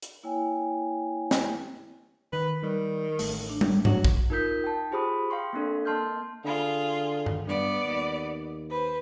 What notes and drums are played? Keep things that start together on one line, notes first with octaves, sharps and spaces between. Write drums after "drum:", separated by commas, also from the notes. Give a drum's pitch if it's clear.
drum: hi-hat
A#3 E4 C#5 G5 G#5
drum: snare
D#3 B4
D#3 G3
A1 A3, drum: open hi-hat
D4
drum: tom G3
F#3, drum: tom G2
drum: kick A#1
D#4 F4 A#4 D#6 G6 B6
G5 A5
F4 G4 G#4 C5 B5 D#6
F5 G5 C6 C#6
A#3 C4 D4 A4
A#3 D#5 A5 C6 F6 G6
D3 F4 G#4
drum: tom G2
G2 B3 D5
D#2
B4 C5